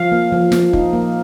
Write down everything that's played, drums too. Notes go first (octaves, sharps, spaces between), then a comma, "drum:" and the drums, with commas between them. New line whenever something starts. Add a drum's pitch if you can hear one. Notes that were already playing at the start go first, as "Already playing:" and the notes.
Already playing: F3 F5
A#3
F3
F3, drum: snare
D#4, drum: kick
A#3